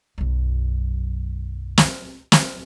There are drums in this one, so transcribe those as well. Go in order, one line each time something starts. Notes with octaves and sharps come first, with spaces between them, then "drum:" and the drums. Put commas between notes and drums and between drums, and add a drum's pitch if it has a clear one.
B1 F#2
drum: snare
drum: snare